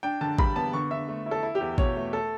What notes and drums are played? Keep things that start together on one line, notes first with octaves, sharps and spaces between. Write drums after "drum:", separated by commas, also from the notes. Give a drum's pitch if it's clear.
D4 G5
D3 A5
G3 B5, drum: kick
B3 A5
D3 C#6
D3 E5
A3
E4
A4
E4
G4
E2
B2 C#5, drum: kick
A3
A4